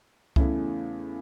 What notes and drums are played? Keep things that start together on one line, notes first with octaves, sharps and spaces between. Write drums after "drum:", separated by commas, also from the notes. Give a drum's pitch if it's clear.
E2 C#3 A3 C#4 E4, drum: kick C2